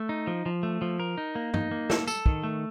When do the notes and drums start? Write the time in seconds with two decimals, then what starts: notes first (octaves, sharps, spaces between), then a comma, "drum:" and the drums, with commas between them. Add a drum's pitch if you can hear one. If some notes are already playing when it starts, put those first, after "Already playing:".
Already playing: A3
0.09 D#4
0.27 F3
0.46 F3
0.63 A3
0.82 F3
1.00 A#4
1.18 D#4
1.35 A#3
1.54 D#4, drum: tom G2
1.71 A#3
1.90 A4, drum: snare E4
2.08 A4, drum: tambourine
2.26 D#3, drum: kick
2.44 A3